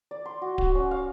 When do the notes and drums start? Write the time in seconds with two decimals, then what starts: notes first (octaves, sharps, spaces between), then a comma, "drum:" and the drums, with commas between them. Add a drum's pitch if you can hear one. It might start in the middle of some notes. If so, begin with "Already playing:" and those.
0.11 D5
0.26 C6
0.42 F#4
0.58 F#4, drum: kick D1
0.75 C#4
0.91 F5